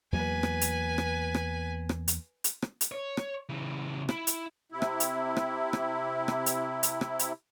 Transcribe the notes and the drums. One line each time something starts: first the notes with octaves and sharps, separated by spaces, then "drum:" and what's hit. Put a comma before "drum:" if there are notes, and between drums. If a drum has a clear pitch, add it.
E2 F#3 A#3 B4 G#5
drum: rim click
drum: hi-hat
drum: rim click
drum: rim click
drum: rim click
drum: hi-hat
drum: hi-hat
drum: rim click
drum: hi-hat
C#5
drum: rim click
C#3 E3
E4, drum: rim click
drum: hi-hat
C3 E4
drum: rim click
drum: hi-hat
drum: rim click
drum: rim click
drum: rim click
drum: hi-hat
drum: hi-hat
drum: rim click
drum: hi-hat